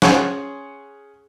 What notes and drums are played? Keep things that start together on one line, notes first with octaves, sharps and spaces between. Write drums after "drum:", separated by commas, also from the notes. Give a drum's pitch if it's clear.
C#4 G#4 C#5 F#5 C6 C#6, drum: snare